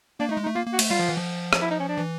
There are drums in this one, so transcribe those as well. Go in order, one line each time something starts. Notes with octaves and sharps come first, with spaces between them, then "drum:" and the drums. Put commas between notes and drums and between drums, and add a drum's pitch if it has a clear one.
A#3 D4
A3 D#4
G#3
D#4
A3
A#3 F4
A#3
F#4
A3, drum: cymbal
G3 F4
F3
E3
F3
drum: rim click
E4
D#4
C#4
D4
E3